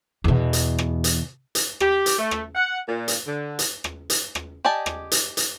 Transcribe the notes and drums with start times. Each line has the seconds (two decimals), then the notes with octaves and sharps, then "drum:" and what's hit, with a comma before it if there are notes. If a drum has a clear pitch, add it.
0.24 E2 B2
0.53 drum: hi-hat
0.78 drum: rim click
1.04 drum: hi-hat
1.55 drum: hi-hat
1.80 G4, drum: rim click
2.06 drum: hi-hat
2.18 A3
2.31 drum: rim click
2.55 F#5
2.88 A#2
3.08 drum: hi-hat
3.26 D3
3.59 drum: hi-hat
3.84 drum: rim click
4.10 drum: hi-hat
4.35 drum: rim click
4.65 G4 D5 D#5 G#5 A5
4.86 drum: rim click
5.11 drum: hi-hat
5.37 drum: hi-hat